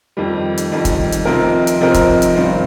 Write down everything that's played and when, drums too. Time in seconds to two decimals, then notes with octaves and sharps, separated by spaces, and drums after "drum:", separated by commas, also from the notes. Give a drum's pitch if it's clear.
0.17 F2 D#3 G3
0.58 drum: hi-hat
0.72 F2 D#3 G3
0.85 drum: kick, hi-hat
1.12 drum: hi-hat
1.25 C3 F3 C4 D#4 A#4
1.67 drum: hi-hat
1.81 C3 F3 C4 D#4 A#4
1.94 drum: kick, hi-hat
2.22 drum: hi-hat
2.35 G2 D#3 C4 D#4